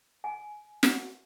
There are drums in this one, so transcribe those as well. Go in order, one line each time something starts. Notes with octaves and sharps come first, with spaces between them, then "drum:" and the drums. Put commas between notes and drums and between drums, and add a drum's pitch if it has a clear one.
G#5
drum: snare